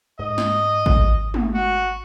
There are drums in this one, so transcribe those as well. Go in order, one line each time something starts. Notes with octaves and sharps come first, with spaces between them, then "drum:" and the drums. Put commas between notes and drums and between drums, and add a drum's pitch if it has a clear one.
G#2 D#5
drum: snare
G#1, drum: kick
drum: tom
F#4